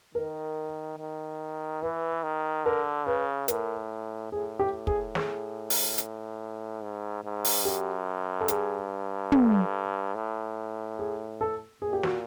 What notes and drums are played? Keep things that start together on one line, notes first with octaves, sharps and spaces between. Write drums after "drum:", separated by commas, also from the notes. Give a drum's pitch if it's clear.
D#3 A#4
D#3
E3 B4
D#3
D3 A#4
C#3 B4
A2 A#4, drum: hi-hat
A2 G#4
G4
G#4, drum: kick
G#4, drum: snare
drum: open hi-hat
drum: hi-hat
G#2
G#2
drum: open hi-hat
F#2 G4
A4
G2 G#4, drum: hi-hat
A4, drum: tom
A2
G#4
A4
A#2 G#4
G4
F#4, drum: snare